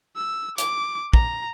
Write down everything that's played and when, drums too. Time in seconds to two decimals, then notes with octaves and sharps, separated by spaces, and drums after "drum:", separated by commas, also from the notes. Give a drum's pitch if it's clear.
0.16 E6
0.58 D6, drum: hi-hat
1.13 A#5, drum: kick